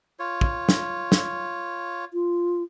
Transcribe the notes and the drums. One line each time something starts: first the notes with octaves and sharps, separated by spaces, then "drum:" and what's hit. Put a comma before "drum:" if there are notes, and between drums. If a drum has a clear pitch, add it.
F4 C#5
drum: kick
drum: snare
drum: snare
F4